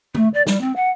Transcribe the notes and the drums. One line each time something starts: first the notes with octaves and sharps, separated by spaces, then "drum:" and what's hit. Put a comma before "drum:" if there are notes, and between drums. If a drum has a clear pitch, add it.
A3, drum: tom
D5
G3, drum: snare
C4
F#5